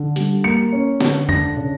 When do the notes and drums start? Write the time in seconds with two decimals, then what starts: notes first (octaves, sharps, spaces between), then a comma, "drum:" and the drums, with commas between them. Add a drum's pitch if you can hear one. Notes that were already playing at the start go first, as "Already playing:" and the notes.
Already playing: D3
0.16 G3, drum: hi-hat
0.44 A#3 C#7
0.73 C#4
1.01 D3, drum: snare
1.29 D4 A#6, drum: tom E2
1.57 C#3